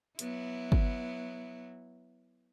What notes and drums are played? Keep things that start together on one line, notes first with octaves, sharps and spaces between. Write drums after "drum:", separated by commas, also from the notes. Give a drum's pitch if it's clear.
F#3 B3 E4, drum: hi-hat
drum: kick G1